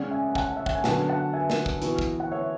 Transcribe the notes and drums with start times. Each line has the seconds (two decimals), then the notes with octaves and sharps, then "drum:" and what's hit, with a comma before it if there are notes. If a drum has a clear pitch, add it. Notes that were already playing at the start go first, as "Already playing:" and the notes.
Already playing: C#3 G#3 C#4 D5 F#5
0.11 E5 G#5
0.29 G#5
0.35 F#5 A5, drum: kick
0.57 E5
0.66 F#5, drum: kick
0.75 G#5
0.84 D3 F#3 B3 D4 A4 F#5 A5, drum: snare
1.09 F#5 A5
1.33 E5 G#5
1.50 drum: snare
1.66 drum: kick
1.82 E3 B3 F#4, drum: hi-hat
1.99 drum: kick
2.20 F#5
2.32 C#5 E5